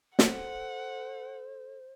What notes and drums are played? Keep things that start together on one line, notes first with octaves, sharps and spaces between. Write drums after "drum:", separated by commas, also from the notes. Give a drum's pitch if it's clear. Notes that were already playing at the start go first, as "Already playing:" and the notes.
A4 C5 F#5, drum: snare